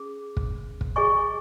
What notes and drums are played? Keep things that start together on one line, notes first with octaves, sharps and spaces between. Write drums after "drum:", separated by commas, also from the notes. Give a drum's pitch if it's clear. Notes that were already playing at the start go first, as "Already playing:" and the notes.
Already playing: C#4 G#4
drum: kick
drum: kick
G#4 D#5 G#5 C#6